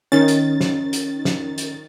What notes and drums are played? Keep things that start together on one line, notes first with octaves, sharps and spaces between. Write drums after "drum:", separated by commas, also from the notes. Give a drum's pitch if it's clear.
D#3 C#4 A6
drum: hi-hat
drum: snare
drum: hi-hat
drum: snare
drum: hi-hat